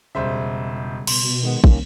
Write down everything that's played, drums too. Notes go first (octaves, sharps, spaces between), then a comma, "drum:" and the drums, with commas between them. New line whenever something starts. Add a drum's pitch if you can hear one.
E1 C#3 G3 C5 E5
B2 C6, drum: cymbal
D#3 G#3 B3
C2 D#3 A#3 C#4, drum: kick